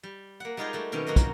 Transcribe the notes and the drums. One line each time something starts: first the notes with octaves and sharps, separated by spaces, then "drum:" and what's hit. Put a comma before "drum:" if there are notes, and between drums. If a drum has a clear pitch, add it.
G3
A#3 F#5
G3 G#3 D#4 F4 G4 G#4
G3 A3 F#4
B2 D#3 C4 C#4
F#3 A#3 D#4 F#4
drum: kick, hi-hat